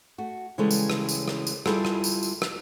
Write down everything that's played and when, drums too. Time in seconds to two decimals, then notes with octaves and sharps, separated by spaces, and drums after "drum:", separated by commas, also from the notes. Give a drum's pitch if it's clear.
0.18 A3 F#4
0.58 C#3 E3 G3 G#3 A4 C#5
0.71 drum: tambourine
0.90 drum: rim click
1.09 drum: tambourine
1.28 drum: rim click
1.47 drum: tambourine
1.66 G3 E4 F4 G#4 A4, drum: rim click
1.85 drum: rim click
2.04 drum: tambourine
2.23 drum: tambourine
2.42 drum: rim click